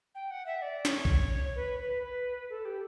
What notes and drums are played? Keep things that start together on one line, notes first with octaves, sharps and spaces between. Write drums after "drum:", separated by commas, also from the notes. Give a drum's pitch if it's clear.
G5
F#5
E5
D5
C#5, drum: snare
drum: kick A#1
B4
B4
B4
A4
G4